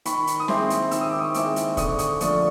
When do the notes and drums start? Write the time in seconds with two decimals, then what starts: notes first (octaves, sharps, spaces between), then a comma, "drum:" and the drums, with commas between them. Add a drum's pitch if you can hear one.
0.05 D#3 B5 C#6, drum: hi-hat
0.27 drum: hi-hat
0.40 D#6
0.48 G#3 C4 E4 C6 D6, drum: snare
0.70 drum: hi-hat
0.91 D#3 E6, drum: hi-hat
1.01 D#6
1.10 D6
1.19 C#6 D#6
1.34 G#3 C4 E4 D6 E6, drum: hi-hat
1.56 drum: hi-hat
1.77 D3 C#6 D#6, drum: kick, hi-hat
1.99 C#6 D#6, drum: hi-hat
2.20 F3 A3 D4 C#6 D#6, drum: hi-hat